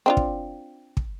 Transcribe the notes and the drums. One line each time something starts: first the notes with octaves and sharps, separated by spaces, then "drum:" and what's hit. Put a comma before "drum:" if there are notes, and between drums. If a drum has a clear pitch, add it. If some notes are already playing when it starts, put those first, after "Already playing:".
C4 D4 F4
drum: kick
drum: kick